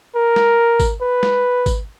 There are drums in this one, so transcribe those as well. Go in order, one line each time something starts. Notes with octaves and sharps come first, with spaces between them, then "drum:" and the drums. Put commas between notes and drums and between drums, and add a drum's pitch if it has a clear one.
A#4
drum: snare G#3
drum: kick G#1, tambourine
B4
drum: snare G#3
drum: kick G#1, tambourine